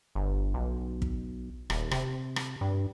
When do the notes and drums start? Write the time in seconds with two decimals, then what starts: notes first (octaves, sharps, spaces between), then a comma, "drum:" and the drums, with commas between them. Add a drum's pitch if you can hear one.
0.15 G1
0.54 B1
1.02 drum: kick
1.70 D#1, drum: rim click
1.91 C3, drum: rim click
2.36 drum: rim click
2.61 G2